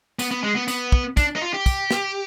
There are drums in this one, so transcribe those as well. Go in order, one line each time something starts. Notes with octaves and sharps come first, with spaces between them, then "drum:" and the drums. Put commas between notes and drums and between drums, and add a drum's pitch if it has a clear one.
B3, drum: tambourine
B3
G#3
B3
B3, drum: tambourine
drum: kick
D4, drum: kick, tambourine
D#4
F4
G4
drum: kick, tambourine
drum: snare